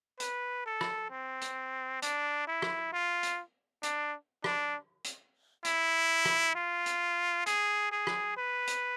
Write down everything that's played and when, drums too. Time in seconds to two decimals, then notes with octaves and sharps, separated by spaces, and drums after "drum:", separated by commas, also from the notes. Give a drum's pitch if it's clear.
0.20 B4, drum: hi-hat
0.66 A4
0.81 drum: rim click
1.11 C4
1.41 drum: hi-hat
2.02 D4, drum: hi-hat
2.47 E4
2.62 drum: rim click
2.93 F4
3.23 drum: hi-hat
3.83 D4, drum: hi-hat
4.44 D4, drum: rim click
5.04 drum: hi-hat
5.65 E4, drum: hi-hat
6.25 drum: rim click
6.56 F4
6.86 drum: hi-hat
7.46 G#4, drum: hi-hat
7.92 G#4
8.07 drum: rim click
8.37 B4
8.67 drum: hi-hat